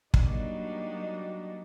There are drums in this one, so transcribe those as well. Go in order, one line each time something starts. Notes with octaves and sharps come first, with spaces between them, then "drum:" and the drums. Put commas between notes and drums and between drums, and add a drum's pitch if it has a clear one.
F#3 G3 A#3 D4 D#4 F#4, drum: kick